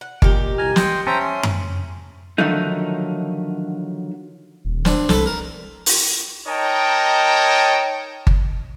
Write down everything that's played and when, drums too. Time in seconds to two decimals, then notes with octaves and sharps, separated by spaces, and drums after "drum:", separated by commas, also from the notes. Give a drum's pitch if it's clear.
0.01 F#5
0.22 A#2 D#3 G4, drum: kick G1
0.58 C2 G#5 A#5 F6
0.76 G5 C6 D#6 A#6 C#7, drum: snare
1.07 C#4 C5 E5 G5 A5 A#5
1.20 C6
1.43 drum: tom F#2
2.38 D3 D#3 F3 F#3 A3 D#4
4.65 D#1
4.85 C4 D4, drum: snare
5.09 C2 A4 B4, drum: snare
5.26 A#4
5.86 drum: open hi-hat
6.47 D#4 A#4 C#5 D#5 G5 A5
8.27 drum: kick G1